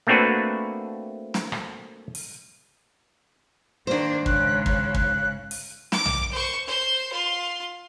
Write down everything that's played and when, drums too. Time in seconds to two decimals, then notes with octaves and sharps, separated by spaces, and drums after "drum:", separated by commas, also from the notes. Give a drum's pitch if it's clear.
0.07 A3 A#3 C4 D4 F#4 B4
1.34 drum: snare
1.52 drum: rim click
2.15 drum: open hi-hat
3.87 D#3 A#3 D4 C5
4.26 G#2 C#3 F#6, drum: kick
4.66 F#6, drum: kick
4.94 F#6, drum: kick
5.51 drum: open hi-hat
5.92 D6, drum: snare
6.06 drum: tom B1
6.31 C5 C#6
6.66 C5 C6
7.11 F4 C6